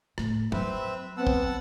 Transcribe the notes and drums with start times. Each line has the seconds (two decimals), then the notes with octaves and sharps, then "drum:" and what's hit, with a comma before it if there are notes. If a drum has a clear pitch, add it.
0.18 A2, drum: rim click
0.52 F#3 C4 B4 E5, drum: tom
1.17 B3 C4 F#5 A5 E6
1.27 drum: kick